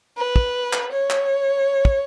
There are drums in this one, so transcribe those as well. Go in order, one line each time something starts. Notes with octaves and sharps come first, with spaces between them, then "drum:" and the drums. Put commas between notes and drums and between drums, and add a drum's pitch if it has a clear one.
B4
drum: kick
drum: clap
C#5
drum: clap
drum: kick